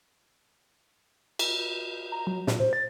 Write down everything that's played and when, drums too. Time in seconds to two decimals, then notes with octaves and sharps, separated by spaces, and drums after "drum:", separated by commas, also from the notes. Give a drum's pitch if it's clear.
1.39 drum: cymbal
2.12 A#5
2.27 F#3
2.47 A#2, drum: snare
2.60 C5
2.73 A6